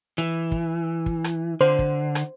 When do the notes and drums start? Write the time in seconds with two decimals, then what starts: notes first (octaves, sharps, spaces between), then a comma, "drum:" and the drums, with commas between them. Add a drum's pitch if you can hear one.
0.18 E3
0.52 drum: kick
1.06 drum: kick
1.24 drum: rim click
1.61 D3 C5
1.79 drum: kick
2.15 drum: rim click